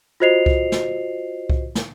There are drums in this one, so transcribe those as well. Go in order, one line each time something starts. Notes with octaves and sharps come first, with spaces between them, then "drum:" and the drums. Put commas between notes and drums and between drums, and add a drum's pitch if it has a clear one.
F4 F#4 C5 D#5 C7 F7
drum: kick C2
drum: snare
drum: kick C2
drum: snare